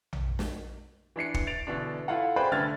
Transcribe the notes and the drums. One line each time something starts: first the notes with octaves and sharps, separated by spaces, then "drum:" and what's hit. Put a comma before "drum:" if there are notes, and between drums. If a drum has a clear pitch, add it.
drum: tom A#1
drum: snare
E3 D4 C7 C#7
drum: kick
A6 D7 F7
B2 D3 E3 D4
E4 F4 A4 F5 F#5
G#4 B4 C5 D5 G5 B5
C2 D3 A3 F6 G#6 A6